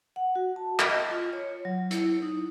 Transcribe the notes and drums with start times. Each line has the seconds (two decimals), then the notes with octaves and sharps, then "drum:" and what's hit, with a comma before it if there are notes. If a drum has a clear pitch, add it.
0.16 F#5
0.35 F#4
0.56 A5
0.79 drum: clap
0.89 D#5
1.11 F4
1.33 C#5
1.65 F#3
1.91 E4, drum: hi-hat
2.22 D#4